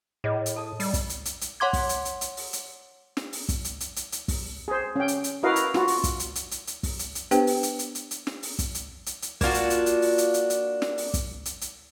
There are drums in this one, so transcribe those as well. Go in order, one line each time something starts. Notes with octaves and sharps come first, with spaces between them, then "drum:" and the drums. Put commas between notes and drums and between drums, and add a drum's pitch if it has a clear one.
A2 G#4 C#5 D#5
drum: hi-hat
A4 A5 D#6
G3, drum: open hi-hat
drum: kick, hi-hat
drum: hi-hat
drum: hi-hat
drum: hi-hat
C#5 F#5 C6 D6 G#6
drum: kick, open hi-hat
drum: hi-hat
drum: hi-hat
drum: hi-hat
drum: open hi-hat
drum: hi-hat
drum: snare
drum: open hi-hat
drum: kick, hi-hat
drum: hi-hat
drum: hi-hat
drum: hi-hat
drum: hi-hat
drum: kick, open hi-hat
G#4 C5
C#4 G5
drum: hi-hat
drum: hi-hat
E4 F#4 A#4 B4 D#5 F5
drum: hi-hat
F4 F#4, drum: snare
drum: open hi-hat
drum: kick, hi-hat
drum: hi-hat
drum: hi-hat
drum: hi-hat
drum: hi-hat
drum: kick, open hi-hat
drum: hi-hat
drum: hi-hat
B3 D4 G4 B4 C5 G5, drum: hi-hat
drum: open hi-hat
drum: hi-hat
drum: hi-hat
drum: hi-hat
drum: hi-hat
drum: snare
drum: open hi-hat
drum: kick, hi-hat
drum: hi-hat
drum: hi-hat
drum: hi-hat
A#3 D4 F4 F#4, drum: kick, open hi-hat
drum: hi-hat
drum: hi-hat
drum: hi-hat
drum: open hi-hat
drum: hi-hat
drum: hi-hat
drum: hi-hat
drum: snare
drum: open hi-hat
drum: kick, hi-hat
drum: hi-hat
drum: hi-hat